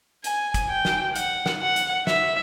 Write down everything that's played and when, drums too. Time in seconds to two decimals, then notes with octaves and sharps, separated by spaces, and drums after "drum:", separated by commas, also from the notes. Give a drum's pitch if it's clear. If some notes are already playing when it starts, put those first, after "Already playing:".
0.24 G#5, drum: hi-hat
0.54 drum: kick, hi-hat
0.69 G5
0.85 drum: snare
1.16 F#5, drum: hi-hat
1.46 drum: snare
1.61 F#5
1.76 drum: hi-hat
2.07 E5, drum: snare